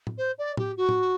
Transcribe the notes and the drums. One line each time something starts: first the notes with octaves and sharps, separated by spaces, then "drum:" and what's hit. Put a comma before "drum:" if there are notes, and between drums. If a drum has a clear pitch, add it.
drum: tom A2
C5
D5
G4, drum: tom A2
F#4
drum: tom A2